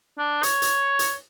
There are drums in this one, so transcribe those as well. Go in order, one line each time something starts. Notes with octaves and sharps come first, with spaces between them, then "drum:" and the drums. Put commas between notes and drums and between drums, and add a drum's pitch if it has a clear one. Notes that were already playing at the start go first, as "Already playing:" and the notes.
D4
C#5, drum: hi-hat
drum: hi-hat
drum: hi-hat